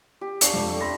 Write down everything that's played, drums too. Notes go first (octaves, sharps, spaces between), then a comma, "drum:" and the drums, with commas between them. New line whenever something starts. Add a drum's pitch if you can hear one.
G4
D4 F5 A5 C#6 C7, drum: hi-hat
F2
A3 G5
E5 B5 C6 A#6